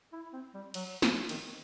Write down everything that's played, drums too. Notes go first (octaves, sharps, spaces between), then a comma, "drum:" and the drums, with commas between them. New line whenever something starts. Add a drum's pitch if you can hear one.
E4
C4
G3
F#3, drum: cymbal
F3, drum: snare
D#3, drum: cymbal